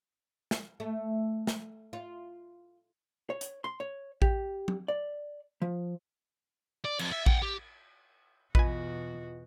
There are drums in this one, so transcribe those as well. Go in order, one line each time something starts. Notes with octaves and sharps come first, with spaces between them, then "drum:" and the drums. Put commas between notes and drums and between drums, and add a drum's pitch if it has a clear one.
drum: snare
A3
drum: snare
F4
C#5
drum: hi-hat
C6
C#5
G4, drum: kick A1
drum: tom
D5
F3
D5
F2, drum: cymbal
E5
F#5 G5, drum: kick A1
G4
E2 B2 F4 F#4 B4 D#5 G#5, drum: kick A1